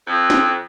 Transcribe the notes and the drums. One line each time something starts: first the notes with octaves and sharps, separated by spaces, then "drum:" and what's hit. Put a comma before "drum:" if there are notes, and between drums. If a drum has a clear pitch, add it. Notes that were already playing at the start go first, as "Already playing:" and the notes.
F2
drum: snare